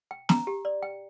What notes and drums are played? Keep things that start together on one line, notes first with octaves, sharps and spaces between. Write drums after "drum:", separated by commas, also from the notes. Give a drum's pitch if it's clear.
G5
A#5, drum: snare
G4
D5
G5